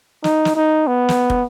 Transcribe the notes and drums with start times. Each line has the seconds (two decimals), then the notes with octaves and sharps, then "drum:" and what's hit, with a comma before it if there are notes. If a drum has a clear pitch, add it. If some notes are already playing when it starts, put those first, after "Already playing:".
0.24 D#4, drum: snare
0.45 drum: snare
0.56 D#4
0.87 B3
1.09 drum: snare
1.30 drum: kick